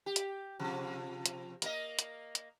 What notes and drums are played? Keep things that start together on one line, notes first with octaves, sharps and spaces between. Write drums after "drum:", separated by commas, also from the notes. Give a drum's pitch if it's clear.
G4
drum: hi-hat
C3 F3
drum: hi-hat
A#3 A#4 D#5, drum: hi-hat
drum: hi-hat
drum: hi-hat